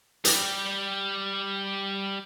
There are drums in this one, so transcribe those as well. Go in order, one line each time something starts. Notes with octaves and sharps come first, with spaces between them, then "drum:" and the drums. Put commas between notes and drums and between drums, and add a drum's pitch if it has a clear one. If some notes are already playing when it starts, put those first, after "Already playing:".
G3 G4, drum: hi-hat